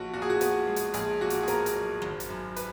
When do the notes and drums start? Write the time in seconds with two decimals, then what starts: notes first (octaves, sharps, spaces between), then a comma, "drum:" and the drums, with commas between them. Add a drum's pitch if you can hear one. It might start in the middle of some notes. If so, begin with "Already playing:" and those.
Already playing: A#1 F#4
0.14 A#2 F#4
0.22 G#4
0.30 F#4
0.41 B3, drum: hi-hat
0.67 G#3
0.76 drum: hi-hat
0.94 A#1 G#4, drum: hi-hat
1.21 A#2 F#4
1.30 drum: hi-hat
1.43 G#4
1.48 B3 A#4, drum: hi-hat
1.66 drum: hi-hat
1.75 F#3
2.02 G#1, drum: rim click
2.20 drum: hi-hat
2.29 F#2
2.56 B4, drum: hi-hat